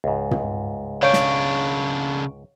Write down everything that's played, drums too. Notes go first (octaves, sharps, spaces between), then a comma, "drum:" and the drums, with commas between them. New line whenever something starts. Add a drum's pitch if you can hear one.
C#2 G#2
drum: tom
C#3 D4 C#5 F5 C#6 D7
drum: snare